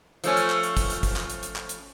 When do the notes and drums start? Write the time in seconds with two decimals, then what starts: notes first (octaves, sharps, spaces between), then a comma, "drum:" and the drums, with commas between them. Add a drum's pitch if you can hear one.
0.24 F3 A3 C#4, drum: hi-hat
0.37 drum: hi-hat
0.50 drum: clap
0.63 drum: hi-hat
0.77 drum: kick, hi-hat
0.90 drum: hi-hat
1.03 drum: kick, hi-hat
1.16 drum: clap
1.30 drum: hi-hat
1.43 drum: hi-hat
1.56 drum: clap
1.69 drum: hi-hat